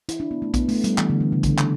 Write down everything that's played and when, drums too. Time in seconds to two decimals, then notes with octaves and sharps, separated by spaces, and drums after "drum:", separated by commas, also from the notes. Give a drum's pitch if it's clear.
0.09 E4, drum: hi-hat
0.20 D4
0.31 B3
0.42 A3
0.54 B3, drum: kick A#1, hi-hat
0.69 A3, drum: open hi-hat
0.84 G3, drum: hi-hat
0.98 E3, drum: clap
1.10 D3
1.21 E3
1.32 C#3
1.43 D3, drum: kick A#1, hi-hat
1.58 drum: clap